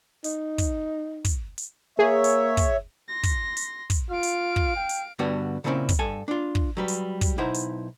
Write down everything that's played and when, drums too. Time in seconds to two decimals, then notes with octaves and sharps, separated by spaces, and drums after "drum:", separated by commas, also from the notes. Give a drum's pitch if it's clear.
0.24 D#4, drum: hi-hat
0.58 drum: kick, hi-hat
1.25 drum: kick, hi-hat
1.58 drum: hi-hat
1.99 A#3 G#4 C#5 E5
2.24 drum: hi-hat
2.57 drum: kick, hi-hat
3.09 C6 A#6
3.23 drum: kick, hi-hat
3.57 drum: hi-hat
3.90 drum: kick, hi-hat
4.10 F4 F5 D7
4.23 drum: hi-hat
4.56 drum: kick
4.76 G5
4.89 drum: hi-hat
5.19 G2 D3 G3 B3 F#4
5.64 A#2 C#3 A#3 C4 C#4 E4
5.89 drum: kick, hi-hat
5.99 G2 A4 G#5
6.28 D4 F4
6.55 drum: kick
6.77 F#3 G3 B4
6.88 drum: hi-hat
7.21 drum: kick, hi-hat
7.38 B1 D#4 E4 C5 F#5
7.54 drum: hi-hat